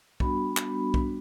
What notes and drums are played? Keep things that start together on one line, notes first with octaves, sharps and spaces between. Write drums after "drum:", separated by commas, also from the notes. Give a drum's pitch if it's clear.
G3 B3 D4 F#4 B5, drum: kick
G3 B3 D4 F#4, drum: clap
G3 B3 D4 F#4, drum: kick